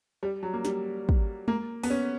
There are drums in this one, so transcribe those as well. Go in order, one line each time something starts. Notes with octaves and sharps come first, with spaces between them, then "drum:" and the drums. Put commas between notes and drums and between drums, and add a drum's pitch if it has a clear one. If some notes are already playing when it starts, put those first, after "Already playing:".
G3
F#3
A#3
G3, drum: snare
drum: kick
A#3, drum: tom G#3
B3, drum: open hi-hat
C#4